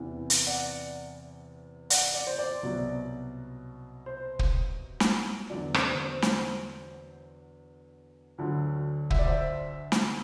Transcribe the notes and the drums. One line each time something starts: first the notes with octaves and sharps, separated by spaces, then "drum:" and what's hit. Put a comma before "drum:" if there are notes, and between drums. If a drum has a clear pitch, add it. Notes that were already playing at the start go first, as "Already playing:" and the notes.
Already playing: E2 C3 E3
drum: hi-hat
D5 F#5
D5 F#5, drum: hi-hat
D5
C5
D5
C2 B2 F#3
C5
drum: kick
drum: snare
E2 D3 F#3 D5
C5, drum: rim click
C5
C5, drum: snare
D2 D3 F#3
E5, drum: kick
D5
C5 E5
drum: snare